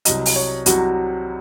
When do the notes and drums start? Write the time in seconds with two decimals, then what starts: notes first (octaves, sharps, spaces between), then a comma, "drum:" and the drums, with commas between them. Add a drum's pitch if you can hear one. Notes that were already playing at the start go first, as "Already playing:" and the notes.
0.05 C2 C3 F#3 D#5, drum: hi-hat
0.26 drum: open hi-hat
0.36 C#5
0.66 C2 C3 F#3 F#4, drum: hi-hat